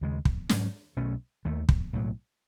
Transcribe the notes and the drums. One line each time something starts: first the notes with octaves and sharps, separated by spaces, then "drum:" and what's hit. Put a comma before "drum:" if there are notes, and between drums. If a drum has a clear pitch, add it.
D#2 C#3 G#3
drum: kick
G#2 F#3 C#4, drum: snare
B1 B2 A3 C#4
D#2 D#3 A3
drum: kick
B1 A2 F#3